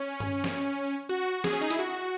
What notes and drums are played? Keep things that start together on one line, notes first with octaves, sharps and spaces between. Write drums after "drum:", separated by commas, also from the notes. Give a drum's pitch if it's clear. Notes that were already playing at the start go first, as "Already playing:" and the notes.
Already playing: C#4
drum: tom G2
drum: snare
F#4
G#4, drum: snare
C#4
D#4
E4, drum: hi-hat
F#4